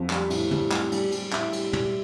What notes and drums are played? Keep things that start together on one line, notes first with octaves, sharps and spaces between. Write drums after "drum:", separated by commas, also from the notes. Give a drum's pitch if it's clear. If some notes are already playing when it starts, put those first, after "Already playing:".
Already playing: F2
G3, drum: clap
A2, drum: cymbal
G3, drum: tom
G3, drum: clap
G3, drum: cymbal
G3, drum: cymbal
A2 E5, drum: clap
G3, drum: cymbal
G3, drum: tom